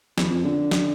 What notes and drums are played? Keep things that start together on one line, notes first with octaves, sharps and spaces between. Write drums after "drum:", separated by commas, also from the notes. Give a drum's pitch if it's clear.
E2, drum: snare
F2
D3
drum: snare